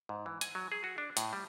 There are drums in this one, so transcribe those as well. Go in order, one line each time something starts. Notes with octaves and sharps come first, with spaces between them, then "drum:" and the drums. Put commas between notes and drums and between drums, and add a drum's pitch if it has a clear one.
G#2
E3
G#5, drum: hi-hat
F#3
G#4
F#4
D4
A2, drum: hi-hat
G3